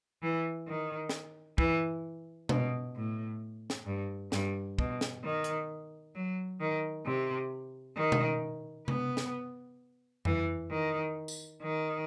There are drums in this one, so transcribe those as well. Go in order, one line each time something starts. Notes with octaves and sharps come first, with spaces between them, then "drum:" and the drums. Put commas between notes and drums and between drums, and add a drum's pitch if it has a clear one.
E3
D#3
drum: snare
E3, drum: kick
B2, drum: tom B2
A2
drum: snare
G2
G2, drum: snare
B2, drum: kick
drum: snare
D#3
drum: hi-hat
F#3
D#3
C3
D#3
drum: tom B2
B3, drum: tom C3
drum: snare
E3, drum: tom F2
D#3
drum: tambourine
D#3